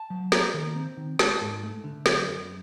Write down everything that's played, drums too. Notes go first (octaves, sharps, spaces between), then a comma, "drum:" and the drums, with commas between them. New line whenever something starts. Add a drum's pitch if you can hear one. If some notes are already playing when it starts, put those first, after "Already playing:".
Already playing: A5
F#3
A#3 A#5, drum: snare
D#3
C4
D#3
G#3 A5, drum: snare
G#2
A3
D3
F#3, drum: snare
F#2